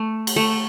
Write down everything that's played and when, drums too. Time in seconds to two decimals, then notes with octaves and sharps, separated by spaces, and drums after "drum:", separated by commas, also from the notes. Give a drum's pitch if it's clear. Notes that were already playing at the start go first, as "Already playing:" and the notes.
Already playing: A3
0.27 drum: cymbal
0.36 A3